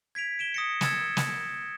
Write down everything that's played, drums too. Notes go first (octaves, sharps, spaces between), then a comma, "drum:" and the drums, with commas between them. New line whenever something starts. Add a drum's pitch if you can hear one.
G#6 B6 D7 F7
D7 E7 G7
D#6 A#6 C#7
E6 G#6 A6 C#7 E7, drum: snare
drum: snare